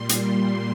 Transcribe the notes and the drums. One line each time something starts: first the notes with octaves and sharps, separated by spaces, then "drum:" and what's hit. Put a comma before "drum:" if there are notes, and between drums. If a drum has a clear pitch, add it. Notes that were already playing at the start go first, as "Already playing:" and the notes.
Already playing: A#2 G3 C6
drum: hi-hat